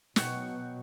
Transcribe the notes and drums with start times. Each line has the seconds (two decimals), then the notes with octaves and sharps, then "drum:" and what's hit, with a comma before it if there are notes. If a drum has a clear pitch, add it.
0.16 B2 F#3 F#5 G5 C#6, drum: snare